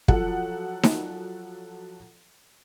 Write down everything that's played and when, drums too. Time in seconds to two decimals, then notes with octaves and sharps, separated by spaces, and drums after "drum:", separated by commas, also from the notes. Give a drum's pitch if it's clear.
0.08 F3 F#3 A4 F#5, drum: kick
0.83 drum: snare D#4